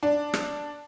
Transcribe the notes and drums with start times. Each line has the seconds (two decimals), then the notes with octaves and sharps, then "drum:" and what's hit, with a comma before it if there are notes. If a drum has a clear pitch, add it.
0.03 D4
0.34 drum: rim click